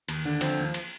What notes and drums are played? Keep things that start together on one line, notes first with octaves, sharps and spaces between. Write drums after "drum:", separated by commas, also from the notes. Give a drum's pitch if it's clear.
D#2, drum: cymbal
D3
F3 C4, drum: cymbal
D#2
drum: cymbal